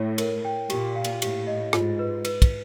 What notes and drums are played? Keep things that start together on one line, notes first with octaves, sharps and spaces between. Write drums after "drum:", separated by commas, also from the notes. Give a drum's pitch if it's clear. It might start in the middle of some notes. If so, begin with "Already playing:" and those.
Already playing: A2 E4 C#5
A#4, drum: cymbal
G5
A#2 G4, drum: cymbal
F5
drum: cymbal
A2 G4, drum: cymbal
D#5
G#2 F4, drum: rim click
B4
B4, drum: cymbal
drum: kick, cymbal